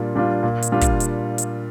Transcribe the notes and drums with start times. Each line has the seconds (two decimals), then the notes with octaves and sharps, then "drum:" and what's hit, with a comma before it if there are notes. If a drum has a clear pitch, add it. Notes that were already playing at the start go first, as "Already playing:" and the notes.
Already playing: A#2 G3 D4 F4
0.16 G3 D4 F4
0.43 A#2
0.62 drum: hi-hat
0.72 G3 D4 F4
0.81 drum: kick, hi-hat
1.00 drum: hi-hat
1.38 drum: hi-hat